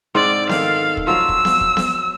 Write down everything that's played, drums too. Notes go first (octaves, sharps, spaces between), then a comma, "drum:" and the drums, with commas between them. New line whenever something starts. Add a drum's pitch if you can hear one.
G#2 C4 D5
D#3 A4 F5, drum: snare B3
drum: kick
F3 F#3 F5 E6
drum: kick
drum: snare B3
drum: kick
drum: snare B3